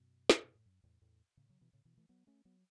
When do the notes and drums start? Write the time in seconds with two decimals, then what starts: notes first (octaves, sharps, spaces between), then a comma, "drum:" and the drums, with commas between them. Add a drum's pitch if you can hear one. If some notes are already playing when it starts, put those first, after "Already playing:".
Already playing: F#2 B2
0.30 drum: snare
0.44 B2
0.55 A2
0.66 F#2
0.83 E2 A2
1.01 E2 A2
1.37 A2 C#3
1.49 C#3 F#3
1.61 B2 E3
1.73 A2 C#3
1.85 B2 E3
1.97 E3 A3
2.09 F#3 B3
2.27 A3 C#4
2.45 F#3 B3